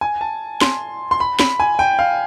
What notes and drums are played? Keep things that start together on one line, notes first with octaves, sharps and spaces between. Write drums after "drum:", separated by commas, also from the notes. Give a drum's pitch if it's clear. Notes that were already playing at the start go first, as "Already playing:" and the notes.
G#5
A5
C6, drum: snare
C6
B5
B5, drum: snare
G#5
G5
F5